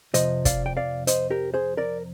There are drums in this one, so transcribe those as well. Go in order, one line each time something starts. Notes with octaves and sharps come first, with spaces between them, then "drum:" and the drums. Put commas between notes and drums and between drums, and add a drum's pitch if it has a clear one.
F2 C3 F3 C5 D#5, drum: hi-hat
D5 F5, drum: kick, hi-hat
G5
D5 F5
C5 D#5, drum: hi-hat
G4 A#4
G#4 C5
A#4 D5